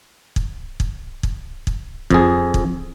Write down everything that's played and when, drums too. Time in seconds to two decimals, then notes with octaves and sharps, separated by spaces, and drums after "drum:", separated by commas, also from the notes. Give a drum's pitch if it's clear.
0.36 drum: kick
0.80 drum: kick
1.23 drum: kick
1.67 drum: kick
2.10 F2 G#4, drum: kick
2.54 drum: kick